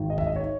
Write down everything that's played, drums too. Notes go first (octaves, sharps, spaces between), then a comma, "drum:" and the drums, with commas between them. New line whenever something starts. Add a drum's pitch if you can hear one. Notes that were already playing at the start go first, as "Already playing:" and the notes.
Already playing: G#1 G#2 D#3
D#5
E5, drum: kick C#2
D#5
C#5